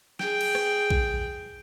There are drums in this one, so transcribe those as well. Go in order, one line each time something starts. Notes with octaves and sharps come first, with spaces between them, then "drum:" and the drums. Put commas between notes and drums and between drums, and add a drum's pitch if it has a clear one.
G#4 G5, drum: snare
drum: cymbal
drum: rim click
drum: kick A#1